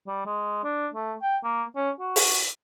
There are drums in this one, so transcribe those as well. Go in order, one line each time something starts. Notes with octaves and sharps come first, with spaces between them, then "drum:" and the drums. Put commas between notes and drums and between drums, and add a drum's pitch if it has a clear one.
G3
G#3
D4
A3
G5
A#3
C#4
F#4
drum: open hi-hat